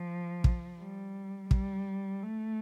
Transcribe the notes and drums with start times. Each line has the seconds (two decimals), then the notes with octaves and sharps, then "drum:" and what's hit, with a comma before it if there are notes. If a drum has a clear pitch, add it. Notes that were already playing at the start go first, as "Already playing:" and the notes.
Already playing: F3
0.44 drum: kick
0.79 G3
1.51 G3, drum: kick
2.23 A3